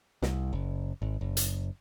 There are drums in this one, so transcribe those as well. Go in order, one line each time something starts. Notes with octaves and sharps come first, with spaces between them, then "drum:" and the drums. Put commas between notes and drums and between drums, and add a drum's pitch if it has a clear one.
C2, drum: snare
F#1
G#1
F#1
drum: hi-hat